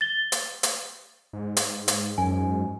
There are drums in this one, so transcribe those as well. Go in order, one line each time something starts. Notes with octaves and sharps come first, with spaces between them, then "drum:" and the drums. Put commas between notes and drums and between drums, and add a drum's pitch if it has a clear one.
A6 G7
drum: hi-hat
drum: hi-hat
G#2
drum: hi-hat
drum: hi-hat
F#2 G#5